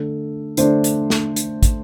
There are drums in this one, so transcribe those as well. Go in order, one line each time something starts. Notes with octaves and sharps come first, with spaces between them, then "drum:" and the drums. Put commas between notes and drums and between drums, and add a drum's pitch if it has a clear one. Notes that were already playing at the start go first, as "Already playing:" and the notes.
Already playing: D3 A3 D4 A4
D3 A3 D4 C5, drum: hi-hat
drum: hi-hat
drum: snare
drum: hi-hat
drum: kick, hi-hat